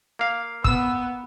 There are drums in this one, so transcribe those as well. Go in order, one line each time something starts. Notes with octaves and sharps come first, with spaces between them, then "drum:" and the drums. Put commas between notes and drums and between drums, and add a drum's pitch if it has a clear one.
A#3 F5
B3 E6, drum: kick